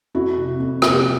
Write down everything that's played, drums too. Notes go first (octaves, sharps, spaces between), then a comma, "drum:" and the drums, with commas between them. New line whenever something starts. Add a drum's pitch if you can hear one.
F2 E4 F#4
C3
F2
C3, drum: rim click
G4